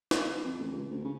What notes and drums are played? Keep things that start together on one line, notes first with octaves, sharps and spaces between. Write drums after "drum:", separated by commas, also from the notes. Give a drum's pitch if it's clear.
drum: snare
F2
A1
C#2
D2
C#3